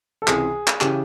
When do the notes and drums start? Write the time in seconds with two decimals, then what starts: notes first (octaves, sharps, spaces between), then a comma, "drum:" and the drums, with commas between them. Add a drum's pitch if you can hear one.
0.22 A4
0.27 C#2 C3 E3 G#4, drum: clap
0.67 drum: clap
0.81 C#3 E3 G4, drum: clap